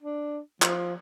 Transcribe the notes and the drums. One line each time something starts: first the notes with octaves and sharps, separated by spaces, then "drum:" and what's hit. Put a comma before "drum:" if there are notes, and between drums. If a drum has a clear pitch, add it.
D4
F3, drum: clap